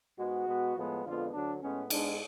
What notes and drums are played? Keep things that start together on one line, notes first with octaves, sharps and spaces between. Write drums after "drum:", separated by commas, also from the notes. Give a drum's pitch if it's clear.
G#2 G#3 B3 F#4
B2 G#3 B3
A2 F3 G#3 B3
F2 D3 G#3 B3 F4
D2 D3 F#3 D4
A2 G#3 B3 C#4
G#2 G#3 B3 D4, drum: cymbal